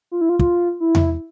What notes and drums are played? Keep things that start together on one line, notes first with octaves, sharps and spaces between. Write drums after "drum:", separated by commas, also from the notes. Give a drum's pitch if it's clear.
F4
E4
F4
F4, drum: kick
E4
drum: tom E2